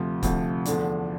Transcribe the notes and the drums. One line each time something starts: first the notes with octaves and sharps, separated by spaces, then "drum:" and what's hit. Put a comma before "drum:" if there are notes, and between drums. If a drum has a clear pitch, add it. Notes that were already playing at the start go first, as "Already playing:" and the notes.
Already playing: D2 C3 F3
D2 C3 F3, drum: kick, hi-hat
E2 D3 F3 A3 D4, drum: hi-hat